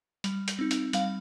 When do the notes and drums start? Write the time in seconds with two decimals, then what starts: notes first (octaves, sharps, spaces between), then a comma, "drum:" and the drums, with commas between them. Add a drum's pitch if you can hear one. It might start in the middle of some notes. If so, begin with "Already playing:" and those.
0.24 G3, drum: hi-hat
0.48 drum: hi-hat
0.59 C4 D#4
0.71 drum: hi-hat
0.93 G3 F5, drum: hi-hat